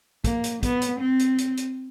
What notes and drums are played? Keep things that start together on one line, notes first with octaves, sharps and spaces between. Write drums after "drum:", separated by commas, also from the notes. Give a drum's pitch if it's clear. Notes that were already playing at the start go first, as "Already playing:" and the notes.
A#3, drum: kick, hi-hat
drum: hi-hat
B3, drum: kick, hi-hat
drum: hi-hat
C4
drum: hi-hat
drum: hi-hat
drum: hi-hat